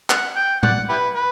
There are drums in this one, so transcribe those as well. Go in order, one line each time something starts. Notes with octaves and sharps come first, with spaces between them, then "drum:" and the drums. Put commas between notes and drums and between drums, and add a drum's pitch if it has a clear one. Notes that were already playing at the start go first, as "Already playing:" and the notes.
F#5, drum: clap
G5
D5 F#5, drum: tom
E4 G4 B4
B4